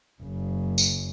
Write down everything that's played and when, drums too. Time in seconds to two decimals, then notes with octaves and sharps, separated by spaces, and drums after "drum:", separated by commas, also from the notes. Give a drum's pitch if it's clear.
0.23 F#1 C#3
0.78 drum: tambourine